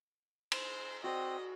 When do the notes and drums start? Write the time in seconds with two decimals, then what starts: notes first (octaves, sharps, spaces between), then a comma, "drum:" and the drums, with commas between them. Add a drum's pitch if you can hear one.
0.52 C5, drum: cymbal
1.04 C4 F#4 D5 D#5